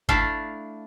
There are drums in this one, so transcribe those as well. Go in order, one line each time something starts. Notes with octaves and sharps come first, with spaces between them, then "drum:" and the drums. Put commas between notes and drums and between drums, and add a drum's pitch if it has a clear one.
A3 D4 E4 F5, drum: kick G1